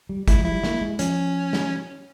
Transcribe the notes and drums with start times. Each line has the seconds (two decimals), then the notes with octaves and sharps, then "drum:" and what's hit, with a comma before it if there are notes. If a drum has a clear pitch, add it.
0.09 G3
0.28 G#3 E4, drum: kick, hi-hat
0.39 F3
0.45 E4
0.51 G3
0.63 A#3, drum: snare
0.81 G#3
0.99 F3 C#4, drum: hi-hat
1.53 drum: snare